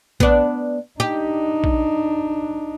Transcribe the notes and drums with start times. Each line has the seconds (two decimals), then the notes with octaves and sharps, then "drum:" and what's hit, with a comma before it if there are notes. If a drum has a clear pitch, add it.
0.20 B3 D4, drum: kick A#1
1.00 D4 D#4 G4
1.64 drum: kick A#1